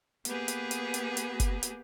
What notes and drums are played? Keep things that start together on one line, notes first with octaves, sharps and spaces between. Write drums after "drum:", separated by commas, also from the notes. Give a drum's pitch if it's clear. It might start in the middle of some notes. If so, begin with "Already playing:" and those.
A#3 B3 G4 G#4 B4, drum: hi-hat
drum: hi-hat
drum: hi-hat
drum: hi-hat
drum: hi-hat
drum: kick F#1, hi-hat
drum: hi-hat